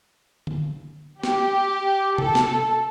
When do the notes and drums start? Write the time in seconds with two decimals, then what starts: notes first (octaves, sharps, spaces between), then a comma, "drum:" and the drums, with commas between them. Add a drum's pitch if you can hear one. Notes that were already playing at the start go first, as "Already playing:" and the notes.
0.47 drum: tom D3
1.24 G4, drum: snare
2.18 A4, drum: tom C3
2.35 drum: snare